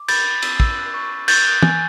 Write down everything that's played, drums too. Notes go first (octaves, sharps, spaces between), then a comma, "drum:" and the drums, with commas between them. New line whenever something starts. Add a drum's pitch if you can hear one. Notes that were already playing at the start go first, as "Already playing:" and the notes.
Already playing: D6
B5 G6 A6, drum: cymbal
G6
E6, drum: cymbal
E6, drum: kick
F#6
C#6
C#6
F#6 G6 A6, drum: cymbal
F#6
G#5, drum: tom